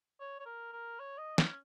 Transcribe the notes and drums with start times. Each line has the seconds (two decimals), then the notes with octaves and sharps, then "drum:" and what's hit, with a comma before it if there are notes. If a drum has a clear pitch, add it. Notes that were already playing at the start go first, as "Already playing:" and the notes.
0.20 C#5
0.39 C#5
0.45 A#4
0.72 A#4
0.99 C#5
1.18 D#5
1.38 C#4, drum: snare